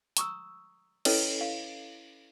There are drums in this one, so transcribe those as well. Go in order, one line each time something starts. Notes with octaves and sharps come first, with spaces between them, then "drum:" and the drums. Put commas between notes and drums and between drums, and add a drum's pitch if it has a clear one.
A#5 C#6 D#6 E6, drum: hi-hat
C#4 E4 A4 B4 C#5 D#5, drum: cymbal
F5